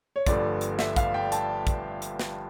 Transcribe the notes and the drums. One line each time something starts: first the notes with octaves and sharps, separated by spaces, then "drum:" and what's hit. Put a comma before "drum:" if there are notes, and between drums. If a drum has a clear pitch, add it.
C#5
G1 G2 F3 A3 D5, drum: kick, hi-hat
drum: hi-hat
E5, drum: snare
F5, drum: kick, hi-hat
G5
A5, drum: hi-hat
drum: kick, hi-hat
drum: hi-hat
drum: snare